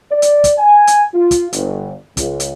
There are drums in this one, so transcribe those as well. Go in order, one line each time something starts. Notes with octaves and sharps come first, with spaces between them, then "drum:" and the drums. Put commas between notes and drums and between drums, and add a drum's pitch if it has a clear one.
D5
drum: hi-hat
drum: kick, hi-hat
G#5
drum: hi-hat
F4
drum: kick, hi-hat
G1, drum: hi-hat
C#2, drum: kick, hi-hat
drum: hi-hat